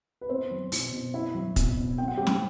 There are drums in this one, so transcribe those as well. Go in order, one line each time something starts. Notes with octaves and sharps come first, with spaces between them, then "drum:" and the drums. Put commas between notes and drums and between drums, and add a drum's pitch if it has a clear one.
B4
B3 C4 C5
F#3
B2, drum: open hi-hat
B2
B3 E4 E5
F#3
B2, drum: kick, hi-hat
B2
C4 G5
F#5
G3 G4 G5
drum: snare